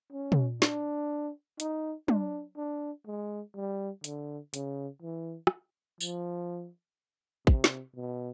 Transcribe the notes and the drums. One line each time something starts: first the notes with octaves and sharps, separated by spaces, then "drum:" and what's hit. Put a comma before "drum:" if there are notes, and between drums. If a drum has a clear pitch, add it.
C#4
drum: tom
D4, drum: snare
D#4, drum: hi-hat
D4, drum: tom
D4
G#3
G3
D3, drum: hi-hat
C#3, drum: hi-hat
E3
drum: rim click
F3, drum: tambourine
C3, drum: kick
drum: snare
B2